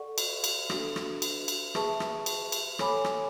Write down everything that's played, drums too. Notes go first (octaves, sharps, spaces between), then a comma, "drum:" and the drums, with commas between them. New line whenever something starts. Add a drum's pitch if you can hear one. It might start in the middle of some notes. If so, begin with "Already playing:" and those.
Already playing: A4 D5 F#5 C#6
drum: cymbal
drum: cymbal
D4 F#4 A4, drum: rim click
drum: rim click
drum: cymbal
drum: cymbal
G#4 B4 E5 A5 C#6, drum: rim click
drum: rim click
drum: cymbal
drum: cymbal
A4 C#5 G#5 B5 D6, drum: rim click
drum: rim click